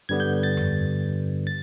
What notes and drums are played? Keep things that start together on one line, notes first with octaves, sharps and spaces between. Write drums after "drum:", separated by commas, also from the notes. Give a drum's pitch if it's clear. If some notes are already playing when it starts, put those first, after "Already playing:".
G2 D3 G3 B3 G#6
G6
A6
drum: tom F2
A6